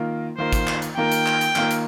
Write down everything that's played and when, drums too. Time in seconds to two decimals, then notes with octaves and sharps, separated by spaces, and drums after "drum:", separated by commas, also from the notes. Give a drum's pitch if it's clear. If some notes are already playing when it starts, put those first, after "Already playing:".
Already playing: D#3 A#3 F4 A#4
0.37 D#3 A#3 F4 A#4 C5
0.53 drum: kick, hi-hat
0.67 drum: clap
0.82 drum: hi-hat
0.97 D#3 A#3 F4 A#4 G5
1.12 drum: hi-hat
1.26 drum: clap
1.41 drum: hi-hat
1.56 D#3 A#3 F4 A#4, drum: clap
1.71 drum: hi-hat